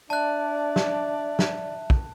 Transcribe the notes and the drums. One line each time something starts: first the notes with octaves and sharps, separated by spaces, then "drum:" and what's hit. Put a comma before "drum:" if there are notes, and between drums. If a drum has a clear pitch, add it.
D4 D5 E5 A5 F#6
drum: snare
drum: snare
drum: kick